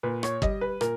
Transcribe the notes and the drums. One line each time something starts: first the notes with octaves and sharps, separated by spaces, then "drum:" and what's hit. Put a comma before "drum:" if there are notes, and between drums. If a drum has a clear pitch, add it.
A#2 B4
C#5, drum: rim click
G3 D#5, drum: kick
B4
A#2 A#4, drum: rim click